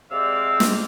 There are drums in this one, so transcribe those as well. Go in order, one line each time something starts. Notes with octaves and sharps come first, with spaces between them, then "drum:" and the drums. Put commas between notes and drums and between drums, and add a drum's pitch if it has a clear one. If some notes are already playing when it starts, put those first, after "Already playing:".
C3 G#3 C4 D5 F5 E6
drum: snare